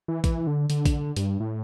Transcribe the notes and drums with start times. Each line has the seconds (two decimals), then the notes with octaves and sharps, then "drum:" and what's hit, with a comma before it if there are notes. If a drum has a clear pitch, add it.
0.08 E3
0.24 E3, drum: kick A#1, hi-hat
0.47 D3
0.70 D3, drum: hi-hat
0.86 drum: kick A#1, hi-hat
1.17 G2, drum: hi-hat
1.40 A2